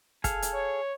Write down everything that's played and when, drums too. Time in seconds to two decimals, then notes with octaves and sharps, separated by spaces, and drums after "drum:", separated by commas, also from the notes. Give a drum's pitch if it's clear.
0.24 G#4 A4 F5, drum: kick, hi-hat
0.42 drum: hi-hat
0.54 C#5